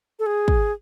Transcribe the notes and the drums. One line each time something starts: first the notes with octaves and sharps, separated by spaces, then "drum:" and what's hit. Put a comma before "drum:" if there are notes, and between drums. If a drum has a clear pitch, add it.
A4
G#4
drum: kick